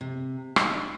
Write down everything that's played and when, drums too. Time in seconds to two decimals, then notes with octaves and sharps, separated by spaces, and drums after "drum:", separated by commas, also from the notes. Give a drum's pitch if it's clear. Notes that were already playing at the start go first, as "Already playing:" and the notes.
0.01 C3
0.56 D#4, drum: rim click
0.74 D4